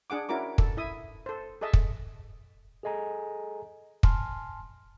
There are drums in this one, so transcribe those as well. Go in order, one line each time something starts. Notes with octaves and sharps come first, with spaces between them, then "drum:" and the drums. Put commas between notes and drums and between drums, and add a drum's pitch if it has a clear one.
D4 G#4 F#5 D6
C#4 E4 F#4 A#4 D6
A4, drum: kick
E4 E5 D#6
A4 C5
G#4 A4 D#5 E5 A5
drum: kick
G#4 A4 D#5 G#5 A#5
G#5 A5 C6 F6, drum: kick